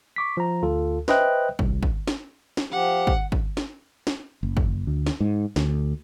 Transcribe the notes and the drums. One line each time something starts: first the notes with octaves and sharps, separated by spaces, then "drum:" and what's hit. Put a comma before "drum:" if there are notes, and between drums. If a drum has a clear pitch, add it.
C#6 D6 B6
F3 A#5
D2 F4 A4
B4 C5 D#5 E5 G5 F#6, drum: snare
C2, drum: kick
drum: kick
drum: snare
drum: snare
F3 G4 F#5
drum: kick
drum: kick
drum: snare
drum: snare
F#1
drum: kick
D2
drum: snare
G#2
D2, drum: snare